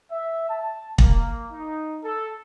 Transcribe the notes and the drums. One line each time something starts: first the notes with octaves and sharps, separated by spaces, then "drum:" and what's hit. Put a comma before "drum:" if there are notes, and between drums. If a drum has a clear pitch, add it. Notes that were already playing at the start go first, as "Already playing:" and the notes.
E5
A5
A#3, drum: kick
D#4
A4